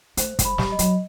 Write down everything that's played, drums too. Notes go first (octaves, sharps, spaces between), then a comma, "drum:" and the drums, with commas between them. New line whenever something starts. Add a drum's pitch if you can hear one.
A3 C5, drum: hi-hat
G#3, drum: kick, hi-hat
B5
G3, drum: snare
D#5
F#3, drum: hi-hat